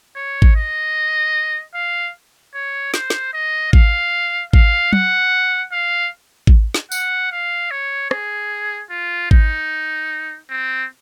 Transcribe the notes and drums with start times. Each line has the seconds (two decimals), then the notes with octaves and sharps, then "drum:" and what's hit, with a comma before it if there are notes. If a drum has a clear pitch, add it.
0.16 C#5
0.42 drum: kick A1
0.56 D#5
1.75 F5
2.55 C#5
2.94 C5, drum: snare
3.10 drum: snare
3.34 D#5
3.73 F5, drum: kick A1
4.53 F5, drum: kick A1
4.93 F#5, drum: tom
5.72 F5
6.47 drum: kick A1
6.74 drum: snare
6.92 F#5, drum: tambourine
7.32 F5
7.71 C#5
8.11 G#4, drum: rim click
8.90 F4
9.31 D#4, drum: kick A1
10.50 C4